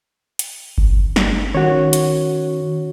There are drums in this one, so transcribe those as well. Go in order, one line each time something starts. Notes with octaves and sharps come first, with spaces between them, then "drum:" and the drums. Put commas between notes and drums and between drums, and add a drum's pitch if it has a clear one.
drum: hi-hat
drum: kick G1
drum: snare
D#3 C#4 F#4 C#5
drum: hi-hat